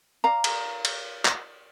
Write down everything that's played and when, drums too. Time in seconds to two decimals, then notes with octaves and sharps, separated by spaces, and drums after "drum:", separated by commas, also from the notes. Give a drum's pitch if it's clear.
0.24 D5 F5 A#5
0.44 drum: cymbal
0.85 drum: cymbal
1.25 drum: clap